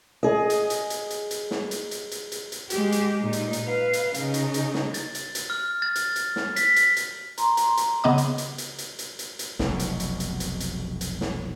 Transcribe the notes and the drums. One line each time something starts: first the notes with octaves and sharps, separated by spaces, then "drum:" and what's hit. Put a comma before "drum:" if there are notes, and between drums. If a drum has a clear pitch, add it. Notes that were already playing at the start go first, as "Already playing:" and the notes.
G#4 D#5
drum: hi-hat
drum: hi-hat
drum: hi-hat
drum: hi-hat
drum: hi-hat
drum: snare
drum: hi-hat
drum: hi-hat
drum: hi-hat
drum: hi-hat
drum: hi-hat
G#3 G4, drum: hi-hat
drum: hi-hat
A#2 D#4
drum: hi-hat
drum: hi-hat
B4 F5
drum: hi-hat
C#3 D#4, drum: hi-hat
drum: hi-hat
drum: hi-hat
drum: snare
A6, drum: hi-hat
drum: hi-hat
drum: hi-hat
F6
A6
drum: hi-hat
drum: hi-hat
drum: snare
B6, drum: hi-hat
drum: hi-hat
drum: hi-hat
A#5 C6, drum: hi-hat
drum: hi-hat
drum: hi-hat
C#3 B3 D#5 D6
drum: hi-hat
drum: hi-hat
drum: hi-hat
drum: hi-hat
drum: hi-hat
drum: hi-hat
drum: hi-hat
F1 B1 B2, drum: snare
drum: hi-hat
drum: hi-hat
drum: hi-hat
drum: hi-hat
drum: hi-hat
drum: hi-hat
drum: snare